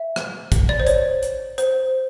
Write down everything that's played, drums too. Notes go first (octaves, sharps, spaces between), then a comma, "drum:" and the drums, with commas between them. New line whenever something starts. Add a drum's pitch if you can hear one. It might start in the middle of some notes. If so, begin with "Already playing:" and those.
Already playing: E5
drum: rim click
drum: kick, hi-hat
D5
C5
C#5, drum: hi-hat
drum: hi-hat
C5, drum: hi-hat